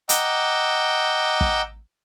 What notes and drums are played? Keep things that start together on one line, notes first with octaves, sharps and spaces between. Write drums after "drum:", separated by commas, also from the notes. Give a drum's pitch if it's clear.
D#5 F#5 G5 A#5 D6 E6, drum: hi-hat
drum: kick